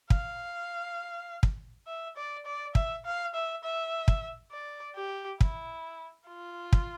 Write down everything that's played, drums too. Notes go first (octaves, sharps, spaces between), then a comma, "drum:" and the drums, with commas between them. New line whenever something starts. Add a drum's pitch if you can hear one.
F5, drum: kick
drum: kick
E5
D5
D5
E5, drum: kick
F5
E5
E5
drum: kick
D5
G4
E4, drum: kick
F4
drum: kick